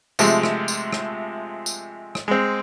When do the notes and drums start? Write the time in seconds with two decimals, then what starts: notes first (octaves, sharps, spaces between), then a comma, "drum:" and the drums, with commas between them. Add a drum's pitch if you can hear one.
0.19 C3 F3 G#3 A3, drum: tambourine
0.43 drum: rim click
0.68 drum: tambourine
0.93 drum: rim click
1.66 drum: tambourine
2.15 drum: rim click
2.28 G#3 C4